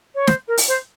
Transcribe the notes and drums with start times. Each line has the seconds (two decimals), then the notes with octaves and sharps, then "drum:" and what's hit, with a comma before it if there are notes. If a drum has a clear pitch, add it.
0.15 C#5
0.27 C5, drum: snare
0.48 A#4
0.58 drum: open hi-hat
0.68 C5